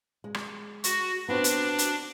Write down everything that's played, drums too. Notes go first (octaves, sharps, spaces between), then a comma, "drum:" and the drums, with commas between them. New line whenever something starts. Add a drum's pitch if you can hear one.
G#3
drum: rim click
F#4, drum: hi-hat
B3 C4 D4 F#4
drum: hi-hat
drum: hi-hat